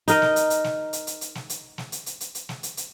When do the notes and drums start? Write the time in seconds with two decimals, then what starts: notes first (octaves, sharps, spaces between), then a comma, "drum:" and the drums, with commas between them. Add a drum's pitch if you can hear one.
0.08 D#4 A#4 D#5, drum: hi-hat
0.22 drum: snare
0.36 drum: hi-hat
0.50 drum: hi-hat
0.64 drum: snare
0.93 drum: hi-hat
1.07 drum: hi-hat
1.21 drum: hi-hat
1.35 drum: snare
1.50 drum: hi-hat
1.78 drum: snare
1.92 drum: hi-hat
2.06 drum: hi-hat
2.20 drum: hi-hat
2.35 drum: hi-hat
2.49 drum: snare
2.63 drum: hi-hat
2.77 drum: hi-hat